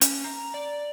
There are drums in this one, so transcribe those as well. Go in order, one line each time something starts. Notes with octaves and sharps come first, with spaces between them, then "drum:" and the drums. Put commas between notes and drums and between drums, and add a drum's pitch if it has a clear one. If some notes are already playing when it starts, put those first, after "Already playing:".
C#4, drum: hi-hat
A#5
D5